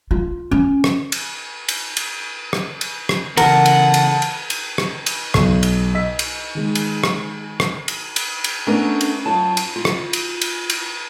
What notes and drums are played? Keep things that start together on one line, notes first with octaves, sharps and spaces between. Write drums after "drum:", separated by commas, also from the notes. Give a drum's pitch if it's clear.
F4
C#4
drum: rim click
drum: cymbal
drum: cymbal
drum: cymbal
drum: rim click
drum: cymbal
drum: rim click
C#3 E3 A#4 F#5 A5, drum: cymbal
drum: cymbal
drum: cymbal
drum: cymbal
drum: cymbal
drum: rim click
drum: cymbal
B1, drum: rim click
drum: cymbal
D#5 E6 B6
drum: cymbal
D#3 G#3
drum: cymbal
drum: rim click
drum: rim click
drum: cymbal
drum: cymbal
drum: cymbal
A3 B3 C#4 D4 A#4
drum: cymbal
F#2 F4 C#5 A5
drum: cymbal
F4
drum: rim click
drum: cymbal
drum: cymbal
drum: cymbal